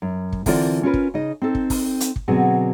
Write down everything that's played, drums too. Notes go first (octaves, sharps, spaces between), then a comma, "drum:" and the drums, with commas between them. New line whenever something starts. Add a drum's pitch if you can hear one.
F#2
drum: kick
D3 E3 C4 F4 A#4 D5, drum: kick, open hi-hat
C#4 F4 A#4 B4
drum: kick
C#3 D#4 D#5
C4 D#4 A4
drum: kick
drum: kick, open hi-hat
drum: hi-hat
drum: kick
B2 D3 F#3 B3 C4 G#4